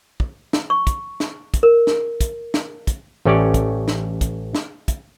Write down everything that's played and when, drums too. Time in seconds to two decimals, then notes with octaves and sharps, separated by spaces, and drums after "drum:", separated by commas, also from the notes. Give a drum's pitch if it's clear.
0.20 drum: kick
0.53 drum: snare
0.70 C#6
0.87 drum: kick, hi-hat
1.20 drum: snare
1.54 drum: kick, hi-hat
1.63 A#4
1.87 drum: snare
2.21 drum: kick, hi-hat
2.54 drum: snare
2.87 drum: kick, hi-hat
3.25 A1 A3 C#4 G4 C#5 D5
3.54 drum: kick, hi-hat
3.88 drum: snare
4.21 drum: kick, hi-hat
4.55 drum: snare
4.88 drum: kick, hi-hat